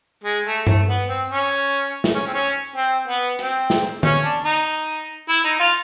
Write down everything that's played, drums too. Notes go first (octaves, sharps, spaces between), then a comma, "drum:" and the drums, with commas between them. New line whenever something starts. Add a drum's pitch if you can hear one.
G#3
A3
A3, drum: tom G2
B3
C4
C#4
drum: snare
C#4
C4
C#4
C4
B3
C4, drum: hi-hat
drum: snare
C#4, drum: tom D3
D4
D#4
E4
D#4
F4